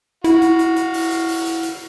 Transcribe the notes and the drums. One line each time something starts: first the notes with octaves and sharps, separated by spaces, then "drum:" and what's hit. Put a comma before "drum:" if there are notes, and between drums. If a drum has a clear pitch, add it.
E4 F#4 F5, drum: hi-hat
drum: hi-hat
drum: hi-hat
drum: hi-hat
drum: open hi-hat
drum: hi-hat
drum: open hi-hat
drum: hi-hat
drum: hi-hat